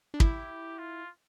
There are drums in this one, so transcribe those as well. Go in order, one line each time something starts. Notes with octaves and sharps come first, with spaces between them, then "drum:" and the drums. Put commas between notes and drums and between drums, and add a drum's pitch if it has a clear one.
D4
E4 G4, drum: kick
F4